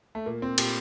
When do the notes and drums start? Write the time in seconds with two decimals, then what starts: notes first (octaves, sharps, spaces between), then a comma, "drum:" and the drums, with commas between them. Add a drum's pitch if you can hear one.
0.15 A3
0.26 A#2 A#3
0.42 C4
0.58 A#2 G4, drum: cymbal